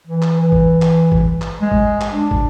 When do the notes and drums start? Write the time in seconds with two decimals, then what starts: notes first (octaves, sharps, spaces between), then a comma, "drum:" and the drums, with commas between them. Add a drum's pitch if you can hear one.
0.07 E3
0.22 drum: clap
0.40 E3
0.52 drum: kick
0.82 drum: clap
1.12 drum: kick
1.42 drum: clap
1.62 G#3
1.71 drum: kick
2.01 drum: clap
2.13 D4
2.31 drum: kick